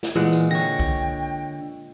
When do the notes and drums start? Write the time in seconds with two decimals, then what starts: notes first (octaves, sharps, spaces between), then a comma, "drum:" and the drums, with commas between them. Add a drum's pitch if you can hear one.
0.03 drum: snare
0.16 A#2 E3 G#3 F#5
0.33 drum: tambourine
0.51 D3 C#5 G5 A#6
0.80 drum: kick B1